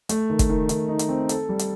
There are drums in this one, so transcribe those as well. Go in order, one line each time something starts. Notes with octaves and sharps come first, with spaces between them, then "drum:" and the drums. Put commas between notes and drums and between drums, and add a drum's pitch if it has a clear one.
A3, drum: hi-hat
D#3
drum: kick, hi-hat
D#3
D#3, drum: hi-hat
D#4
drum: hi-hat
C4
A4, drum: hi-hat
G3
drum: hi-hat